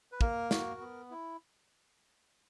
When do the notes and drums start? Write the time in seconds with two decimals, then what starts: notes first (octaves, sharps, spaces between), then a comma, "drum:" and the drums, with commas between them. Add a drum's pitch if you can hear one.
0.12 B4
0.21 A#3 A#4, drum: kick
0.51 F#4, drum: snare
0.81 B3
1.10 E4